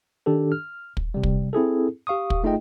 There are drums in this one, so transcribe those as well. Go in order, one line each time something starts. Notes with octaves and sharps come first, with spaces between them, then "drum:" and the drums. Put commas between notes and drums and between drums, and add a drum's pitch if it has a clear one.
D#3 D4 G4 A4
F6
drum: kick
C3 G3
drum: kick
C4 E4 G#4 A4
G4 F5 C#6 D#6
drum: kick
A3 D#4 F4 G#4 D#5 G5